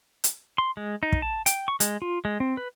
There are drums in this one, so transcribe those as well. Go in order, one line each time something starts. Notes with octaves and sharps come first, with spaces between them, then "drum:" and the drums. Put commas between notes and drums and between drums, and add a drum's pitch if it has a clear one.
drum: hi-hat
C6
G#3
D#4
drum: kick
A5
G5, drum: hi-hat
C#6
G#3, drum: hi-hat
F4
G#3
C4
B4